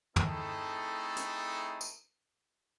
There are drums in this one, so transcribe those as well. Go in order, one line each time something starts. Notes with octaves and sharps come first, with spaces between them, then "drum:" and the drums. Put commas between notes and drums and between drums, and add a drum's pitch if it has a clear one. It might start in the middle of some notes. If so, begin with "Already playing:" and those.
A3 C4 D#4 E4 G#4 A4, drum: tom
drum: hi-hat
drum: tambourine